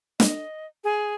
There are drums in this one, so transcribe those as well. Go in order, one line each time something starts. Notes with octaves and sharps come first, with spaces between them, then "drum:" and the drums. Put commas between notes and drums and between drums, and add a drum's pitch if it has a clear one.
D#5, drum: snare
G#4